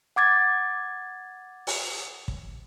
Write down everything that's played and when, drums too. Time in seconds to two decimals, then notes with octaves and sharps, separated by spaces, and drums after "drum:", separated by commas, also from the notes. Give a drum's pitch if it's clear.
0.16 F#5 D6 G#6 A6
1.67 drum: open hi-hat
2.28 drum: kick